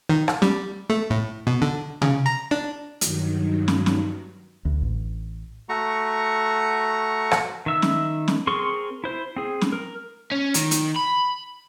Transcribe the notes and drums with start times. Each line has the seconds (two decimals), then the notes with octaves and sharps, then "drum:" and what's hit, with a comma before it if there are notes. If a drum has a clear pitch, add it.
0.09 D#3
0.28 drum: rim click
0.42 G3, drum: snare
0.90 A3
1.10 A2
1.47 B2
1.62 D3
2.02 C#3, drum: tom C3
2.26 A#5
2.51 D4
3.01 G2 D#3 F#3, drum: hi-hat
3.68 drum: snare
3.86 drum: snare
4.65 D2
4.82 A1
5.69 A3 F#4 A#5 C#6
7.31 drum: rim click
7.66 D#3 E5 E6
7.82 drum: snare
8.28 drum: snare
8.47 C4 G#4 A#4 C6 C#6
9.04 E4 C5
9.36 C4 G#4
9.61 drum: snare
9.72 A#4
10.31 C#4
10.54 D#3, drum: hi-hat
10.71 drum: hi-hat
10.96 B5